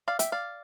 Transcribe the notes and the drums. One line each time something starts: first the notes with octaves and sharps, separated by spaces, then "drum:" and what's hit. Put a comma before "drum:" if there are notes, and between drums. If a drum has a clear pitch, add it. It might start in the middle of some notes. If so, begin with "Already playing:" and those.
D5 F5
E5 G5, drum: hi-hat
D5 F5